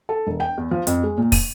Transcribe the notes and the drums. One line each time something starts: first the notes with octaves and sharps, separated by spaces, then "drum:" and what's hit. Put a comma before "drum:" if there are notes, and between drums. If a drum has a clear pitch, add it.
A4
E1
G5
E2
F3
F2, drum: hi-hat
G#3
A#2
D#7, drum: kick, open hi-hat